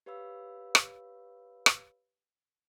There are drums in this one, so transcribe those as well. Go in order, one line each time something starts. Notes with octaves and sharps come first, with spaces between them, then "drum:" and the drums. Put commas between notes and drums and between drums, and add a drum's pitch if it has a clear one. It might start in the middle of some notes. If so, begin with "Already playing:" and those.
G4 B4 C#5 F5 B5 E6
drum: rim click
drum: rim click